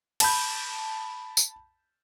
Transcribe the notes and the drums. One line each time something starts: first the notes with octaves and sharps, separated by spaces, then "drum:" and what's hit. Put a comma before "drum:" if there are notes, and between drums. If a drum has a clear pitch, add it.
A5 B5 G6, drum: cymbal
drum: tambourine